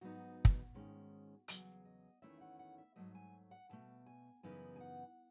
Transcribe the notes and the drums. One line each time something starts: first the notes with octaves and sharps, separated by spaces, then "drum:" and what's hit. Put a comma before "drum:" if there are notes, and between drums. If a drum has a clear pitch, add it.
G#2 F#3 B3 D#4 F#4
drum: kick
G#2 D#3 G#3 C#4
E2 C#3 F#3 G#4, drum: hi-hat
D#5
E2 D#3 A3 C#4 E4 E5
F#5
F#5
E5
G#2 F#3 A3 D#5
G#5
F#5
E2 B2 A3 A5
G#5
F#2 C#3 E3 B3 D#4 G#5
G#5
F#5